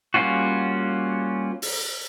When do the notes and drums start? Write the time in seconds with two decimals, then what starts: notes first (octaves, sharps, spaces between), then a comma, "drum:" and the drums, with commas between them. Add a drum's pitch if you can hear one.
0.14 G3 A#3 C#4 F4 F#4
1.62 drum: open hi-hat